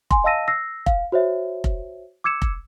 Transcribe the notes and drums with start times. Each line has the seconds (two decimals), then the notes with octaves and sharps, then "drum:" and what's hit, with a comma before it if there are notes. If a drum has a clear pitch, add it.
0.11 G#5 C6, drum: kick F1
0.24 D#5 F5 A5 E6 A#6 D#7
0.48 E6 A#6 C7
0.86 F5, drum: kick F1
1.12 F#4 C5 C#5 E5
1.64 drum: kick F1
2.24 D6 E6 G#6 C#7 E7
2.42 drum: kick F1